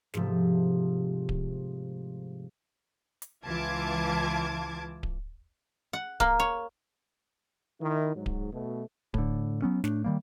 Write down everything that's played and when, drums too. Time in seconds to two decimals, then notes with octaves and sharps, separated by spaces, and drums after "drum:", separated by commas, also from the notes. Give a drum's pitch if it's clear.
0.14 G#2 C3 F3 A3, drum: snare
1.29 drum: kick D1
3.22 drum: hi-hat
3.46 C#2 E3 F4 A5 D6 G#6
5.03 drum: kick D1
5.93 F#5
6.20 A#3, drum: kick D1
6.40 C#5
7.81 D#3 E4
8.16 G#2 F#3
8.26 drum: kick D1
8.52 B2 A3
9.14 A2 D3, drum: kick D1
9.62 F#3 B3 C#4
9.84 A2 A3 D4, drum: snare
10.04 D#3 G3 A#3